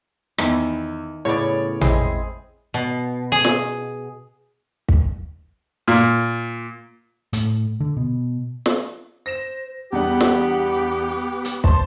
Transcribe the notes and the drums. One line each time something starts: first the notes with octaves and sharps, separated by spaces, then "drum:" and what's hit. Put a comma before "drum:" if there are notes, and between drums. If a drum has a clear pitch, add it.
E2 D#3 E4, drum: rim click
A2 C#3 B3 C#5 D5
G#3 C4 E4 G#4, drum: tom A1
B2
G#4
drum: snare
drum: kick
A#2
A2, drum: hi-hat
D3
B2
drum: snare
C5 A#6 E7
E2 G3 B3 D4 G4 F#5
drum: snare
drum: hi-hat
C5 C#5 A5 C6, drum: kick